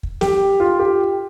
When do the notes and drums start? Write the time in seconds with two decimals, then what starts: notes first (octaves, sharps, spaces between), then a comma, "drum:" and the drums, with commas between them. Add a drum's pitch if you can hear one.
0.03 drum: kick
0.21 G4, drum: snare
0.60 F4
0.79 G4